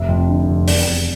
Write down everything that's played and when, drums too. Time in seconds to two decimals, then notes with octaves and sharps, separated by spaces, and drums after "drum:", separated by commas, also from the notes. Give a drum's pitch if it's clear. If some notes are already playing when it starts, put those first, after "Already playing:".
Already playing: F1 E5
0.09 F2
0.29 D3
0.48 F1
0.68 E2 D5, drum: open hi-hat
0.87 E2